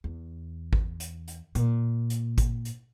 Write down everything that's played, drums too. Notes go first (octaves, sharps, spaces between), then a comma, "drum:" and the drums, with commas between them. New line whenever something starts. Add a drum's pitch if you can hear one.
E2
drum: kick G#1
drum: hi-hat
drum: hi-hat
A#2, drum: hi-hat
drum: hi-hat
drum: kick G#1, hi-hat
drum: hi-hat